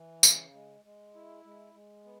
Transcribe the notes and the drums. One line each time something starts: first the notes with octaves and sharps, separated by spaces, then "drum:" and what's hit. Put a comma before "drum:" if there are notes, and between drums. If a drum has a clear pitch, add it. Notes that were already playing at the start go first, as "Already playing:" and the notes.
Already playing: E3
C#3, drum: tambourine
G#3
G#3
E4
G#3
G#3
B3